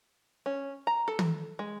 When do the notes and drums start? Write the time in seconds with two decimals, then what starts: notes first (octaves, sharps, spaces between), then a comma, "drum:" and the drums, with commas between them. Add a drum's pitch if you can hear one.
0.46 C#4
0.87 A#5
1.08 A4
1.19 drum: tom
1.59 G#3